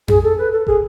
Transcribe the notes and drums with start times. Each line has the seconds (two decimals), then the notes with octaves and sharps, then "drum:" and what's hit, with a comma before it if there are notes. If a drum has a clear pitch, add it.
0.08 G#4, drum: tom F2
0.23 A4
0.38 B4
0.52 A4
0.67 G#4, drum: kick